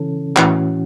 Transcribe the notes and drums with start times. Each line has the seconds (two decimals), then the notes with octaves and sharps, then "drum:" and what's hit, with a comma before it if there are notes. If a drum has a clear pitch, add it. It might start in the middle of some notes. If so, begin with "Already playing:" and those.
Already playing: C#3 E3 C#4 A4
0.36 A2 E3 C#4 F#4, drum: clap